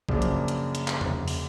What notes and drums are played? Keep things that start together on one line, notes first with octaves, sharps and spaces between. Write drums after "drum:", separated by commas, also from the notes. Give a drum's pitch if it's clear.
F#2 C#3 F3 A#3 D4, drum: kick A#1
drum: hi-hat
drum: hi-hat
drum: hi-hat
drum: clap
drum: tom E2
drum: open hi-hat